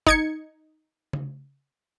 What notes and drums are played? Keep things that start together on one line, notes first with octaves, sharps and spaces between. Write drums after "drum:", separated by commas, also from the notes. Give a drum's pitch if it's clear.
D#4 G#6 C#7, drum: kick F#1
drum: tom C#3